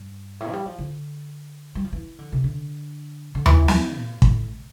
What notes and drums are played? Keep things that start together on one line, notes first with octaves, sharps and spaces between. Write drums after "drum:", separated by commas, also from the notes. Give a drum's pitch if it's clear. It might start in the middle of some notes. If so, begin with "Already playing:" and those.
Already playing: G2
A2
F3
G3
F3
D3
G3
F3
E3
D3
C3
D3
D3
E3, drum: tom D#2
drum: snare
A#2
A2, drum: kick